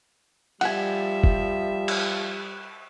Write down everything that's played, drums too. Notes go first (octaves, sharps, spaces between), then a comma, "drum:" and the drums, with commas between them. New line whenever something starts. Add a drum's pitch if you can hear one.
F3 G3 E5 F#5 G#5, drum: cymbal
drum: kick
drum: cymbal